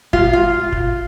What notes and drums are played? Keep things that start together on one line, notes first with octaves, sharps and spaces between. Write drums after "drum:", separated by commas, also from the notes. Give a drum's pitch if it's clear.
F4, drum: kick
F4
drum: kick